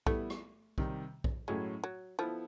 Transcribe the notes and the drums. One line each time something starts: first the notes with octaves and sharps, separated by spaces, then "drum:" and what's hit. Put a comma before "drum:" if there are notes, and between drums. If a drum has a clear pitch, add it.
G3 A3 B3 E4, drum: kick B1
drum: rim click
C3 D#3 G3, drum: kick B1
drum: kick B1
A2 F#3 G#3 A3 C#4 E4
F#3
F3 B3 E4 A4